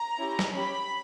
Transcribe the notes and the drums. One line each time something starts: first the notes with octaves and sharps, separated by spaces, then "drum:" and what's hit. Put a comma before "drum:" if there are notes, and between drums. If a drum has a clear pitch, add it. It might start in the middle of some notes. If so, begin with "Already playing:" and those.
Already playing: A#5
C#4 E4 G4
drum: snare
C#4 G4 B5